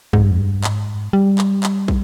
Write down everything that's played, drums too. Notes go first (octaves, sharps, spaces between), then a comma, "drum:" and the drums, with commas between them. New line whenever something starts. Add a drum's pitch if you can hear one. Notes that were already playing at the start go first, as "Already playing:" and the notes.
G#2, drum: kick
G2
F2
G2
G#2, drum: clap
G3
drum: clap
drum: clap
drum: kick